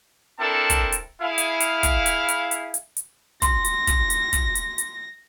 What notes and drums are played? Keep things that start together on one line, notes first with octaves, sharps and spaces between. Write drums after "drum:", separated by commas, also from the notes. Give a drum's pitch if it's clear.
C4 D4 E4 A4 A#4 A5
drum: kick, hi-hat
drum: hi-hat
E4 G#4 F5
drum: hi-hat
drum: hi-hat
drum: kick, hi-hat
drum: hi-hat
drum: hi-hat
drum: hi-hat
drum: hi-hat
drum: hi-hat
C6 A#6, drum: kick, hi-hat
drum: hi-hat
drum: kick, hi-hat
drum: hi-hat
drum: kick, hi-hat
drum: hi-hat
drum: hi-hat